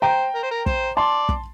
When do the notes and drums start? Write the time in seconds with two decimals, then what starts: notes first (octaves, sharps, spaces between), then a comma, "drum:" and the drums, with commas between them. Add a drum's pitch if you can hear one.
0.02 C5 G5 A#5
0.35 A#4
0.43 C5
0.51 A#4
0.66 C5, drum: kick
0.97 D5 A5 C6
1.29 drum: kick